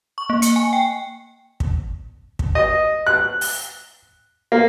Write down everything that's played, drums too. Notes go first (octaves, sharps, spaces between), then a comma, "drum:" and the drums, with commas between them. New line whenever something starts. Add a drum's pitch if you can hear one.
C#6
A#3
C#7, drum: hi-hat
G#5
G5
drum: kick
drum: kick
D#5
F#6
drum: open hi-hat
A#3